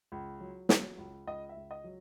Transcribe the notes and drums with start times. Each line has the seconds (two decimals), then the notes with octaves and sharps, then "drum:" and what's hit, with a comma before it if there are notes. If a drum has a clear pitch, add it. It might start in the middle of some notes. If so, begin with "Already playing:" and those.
0.12 C#2
0.40 F#3
0.69 F#3, drum: snare
0.98 C#2
1.27 C#2 D#5
1.49 E5
1.56 C#2
1.71 D#5
1.84 F#3